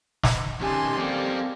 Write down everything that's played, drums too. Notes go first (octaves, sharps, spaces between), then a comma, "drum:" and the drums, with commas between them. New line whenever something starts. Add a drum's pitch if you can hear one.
drum: snare
D#3 C#4 G4 G#5 A5 C6
G3 A#3 C4 A4